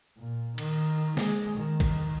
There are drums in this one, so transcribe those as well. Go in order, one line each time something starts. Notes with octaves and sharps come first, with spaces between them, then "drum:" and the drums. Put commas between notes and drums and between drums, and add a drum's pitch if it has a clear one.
A#2
D#3, drum: cymbal
G#3, drum: snare
D#3
drum: kick, cymbal